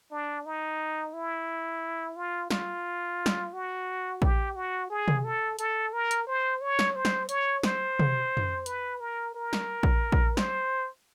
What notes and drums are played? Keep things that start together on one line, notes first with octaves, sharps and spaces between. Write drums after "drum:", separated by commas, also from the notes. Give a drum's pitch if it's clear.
D4
D#4
E4
F4
F4, drum: snare
drum: snare
F#4
G4, drum: kick A#1
F#4
G#4
drum: tom
A4
A4, drum: hi-hat
A#4
drum: hi-hat
C5
C#5
drum: snare
C5
drum: snare
C#5, drum: hi-hat
C5, drum: snare
drum: tom
drum: tom
B4, drum: hi-hat
A#4
A#4
drum: snare
drum: kick A#1
drum: kick A#1
C5, drum: snare